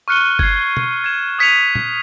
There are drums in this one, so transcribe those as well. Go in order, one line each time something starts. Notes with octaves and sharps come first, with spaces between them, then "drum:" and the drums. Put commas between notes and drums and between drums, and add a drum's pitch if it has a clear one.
C#6 F6 F#6 C#7 D#7 G7
G#6 C7, drum: kick G1
drum: tom
G#6 E7
D#6 G#6 B6 C#7 D#7 F7
drum: tom